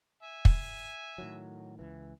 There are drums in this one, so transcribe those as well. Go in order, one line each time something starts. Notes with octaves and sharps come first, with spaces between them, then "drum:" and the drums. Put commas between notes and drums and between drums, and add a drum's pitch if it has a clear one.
E5 G#5
drum: kick
A2 D#3 F#3
C#2 E3